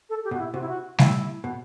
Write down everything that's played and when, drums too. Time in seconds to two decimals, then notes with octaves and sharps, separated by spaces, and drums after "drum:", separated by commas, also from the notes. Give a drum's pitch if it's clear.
0.09 A4
0.24 G4
0.31 B2
0.34 F#4
0.39 E4
0.54 C3 F#4
0.62 E4
0.69 F#4
0.99 C3 E4, drum: snare G3
1.44 B2